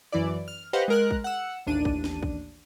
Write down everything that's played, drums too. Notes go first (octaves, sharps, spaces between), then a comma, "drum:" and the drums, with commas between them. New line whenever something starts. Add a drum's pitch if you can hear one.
F#2 E3 E4 D5
F6
G4 B4 C5 D#5 F5 F#5
G#3 A#4 F#6
drum: kick
F#5 E6
A1 D#2 D4 D#7
drum: kick
drum: snare
drum: kick